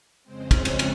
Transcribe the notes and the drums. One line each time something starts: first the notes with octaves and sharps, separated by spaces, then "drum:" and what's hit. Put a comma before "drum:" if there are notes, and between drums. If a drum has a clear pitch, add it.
F2 C#3 G#3 C4 C5
C#5, drum: kick, cymbal
drum: cymbal
drum: cymbal